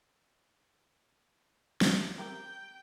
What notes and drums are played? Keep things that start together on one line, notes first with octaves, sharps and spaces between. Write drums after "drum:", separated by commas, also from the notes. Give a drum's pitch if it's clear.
drum: snare
C4 G4 A#4 G5